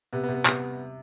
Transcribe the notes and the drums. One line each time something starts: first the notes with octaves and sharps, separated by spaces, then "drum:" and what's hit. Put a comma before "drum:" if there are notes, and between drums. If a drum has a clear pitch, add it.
C3 B3
B3
C3
B3
C3 B3, drum: clap